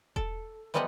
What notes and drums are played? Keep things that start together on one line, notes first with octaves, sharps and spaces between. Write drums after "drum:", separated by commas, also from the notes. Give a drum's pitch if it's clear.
A4, drum: kick E1
E3 F3 G3 B3 D#5 F#5